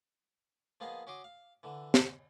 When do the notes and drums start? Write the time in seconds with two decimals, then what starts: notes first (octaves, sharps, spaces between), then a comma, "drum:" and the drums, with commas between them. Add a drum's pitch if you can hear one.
0.80 F3 A#3 B3 G#4 D#5 F5
1.07 C#4 F#4 C6 D6 D#6
1.24 F5
1.63 D3 E3
1.94 drum: snare